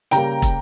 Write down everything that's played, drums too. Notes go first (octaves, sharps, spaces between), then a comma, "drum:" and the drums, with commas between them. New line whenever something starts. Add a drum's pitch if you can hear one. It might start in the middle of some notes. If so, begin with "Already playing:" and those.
C#3 G3 A#3 G5 A#5, drum: hi-hat
drum: kick, hi-hat